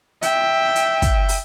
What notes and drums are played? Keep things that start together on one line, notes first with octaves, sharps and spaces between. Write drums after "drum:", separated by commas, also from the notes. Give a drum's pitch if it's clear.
E5 G5, drum: hi-hat
drum: hi-hat
drum: kick, hi-hat
drum: open hi-hat